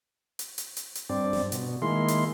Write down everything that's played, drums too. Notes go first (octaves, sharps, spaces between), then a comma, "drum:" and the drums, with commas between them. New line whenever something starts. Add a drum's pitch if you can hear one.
drum: hi-hat
drum: hi-hat
drum: hi-hat
drum: hi-hat
G2 C4 D5
drum: snare
B2, drum: hi-hat
D#3 G#3 A#3 E4 C6
drum: hi-hat